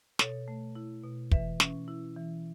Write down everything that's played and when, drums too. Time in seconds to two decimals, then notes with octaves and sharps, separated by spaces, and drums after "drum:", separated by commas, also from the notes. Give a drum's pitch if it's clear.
0.19 B2 A4 C#5, drum: snare
0.48 A3
0.75 E4
1.04 B2
1.31 E3 B4 E5, drum: kick
1.60 C#4, drum: snare
1.88 E4
2.16 E3